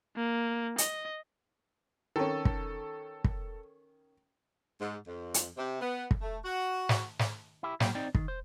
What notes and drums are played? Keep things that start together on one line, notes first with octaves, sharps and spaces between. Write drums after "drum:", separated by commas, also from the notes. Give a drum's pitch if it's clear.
A#3
D#5, drum: hi-hat
D#3 C#4 A4
drum: kick
drum: kick
G#2
F2
drum: hi-hat
C3
B3
drum: kick
A3
F#4
drum: snare
drum: snare
E4 G4
A#2 F#3 A#3 F#4 G5, drum: snare
C4 D#4 D5 G5
D#3, drum: kick
C5